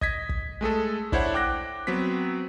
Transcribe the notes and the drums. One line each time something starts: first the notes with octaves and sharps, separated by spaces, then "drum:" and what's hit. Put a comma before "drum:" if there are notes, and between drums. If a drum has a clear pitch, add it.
D#5 G#6 B6, drum: kick
drum: kick
G#3 A3 G#4 A4
D4 E4 C5 C#5 F#5, drum: kick
G5 D6 F#6 A#6
F#3 B3 C4 B6